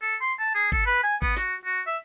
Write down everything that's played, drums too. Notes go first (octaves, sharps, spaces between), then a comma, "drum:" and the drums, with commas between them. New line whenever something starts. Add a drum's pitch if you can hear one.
A4
C6
A5
G#4
A4, drum: kick G#1
B4
G#5
B3, drum: kick G#1
F#4, drum: snare
F#4
E5